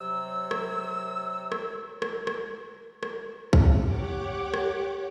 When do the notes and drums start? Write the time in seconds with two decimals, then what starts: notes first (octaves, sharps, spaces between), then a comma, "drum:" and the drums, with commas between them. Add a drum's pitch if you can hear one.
0.01 C3 F#3 E6
0.51 drum: rim click
1.52 drum: rim click
2.02 drum: rim click
2.27 drum: rim click
3.03 drum: rim click
3.53 drum: kick
3.83 G4 C#5 F#5 D6
4.54 drum: rim click